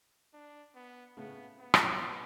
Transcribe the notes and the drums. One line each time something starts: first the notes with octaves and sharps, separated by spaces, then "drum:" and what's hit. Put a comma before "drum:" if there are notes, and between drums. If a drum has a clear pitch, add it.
D4
B3
A2 C#3 B3
B3
drum: rim click